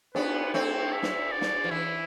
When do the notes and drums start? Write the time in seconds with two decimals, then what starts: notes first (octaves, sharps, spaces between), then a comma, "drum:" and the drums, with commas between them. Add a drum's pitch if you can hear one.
0.15 B3 D4 B4, drum: cymbal
0.54 A3 C4 C5
0.92 E5
1.03 drum: snare
1.32 D5
1.41 drum: snare
1.64 F3
1.71 E3 E4